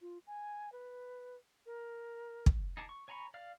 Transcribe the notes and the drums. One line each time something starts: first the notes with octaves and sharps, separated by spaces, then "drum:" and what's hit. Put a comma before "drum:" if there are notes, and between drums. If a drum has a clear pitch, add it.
F4
G#5
B4
A#4
drum: kick
D#4 G#4 A5 D6
C#6
C#5 G#5 A#5 B5 C#6
D5 F5 F6